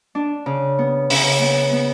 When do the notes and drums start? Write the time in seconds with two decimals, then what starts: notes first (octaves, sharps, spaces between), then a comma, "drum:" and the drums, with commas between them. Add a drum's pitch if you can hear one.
0.15 D4
0.46 C#3
0.79 B3
1.10 C#3, drum: open hi-hat
1.41 B3
1.73 B3